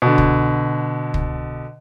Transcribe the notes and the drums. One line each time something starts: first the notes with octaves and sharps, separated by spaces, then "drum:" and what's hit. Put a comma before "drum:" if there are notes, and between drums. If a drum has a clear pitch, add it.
B2 D3
drum: kick
drum: kick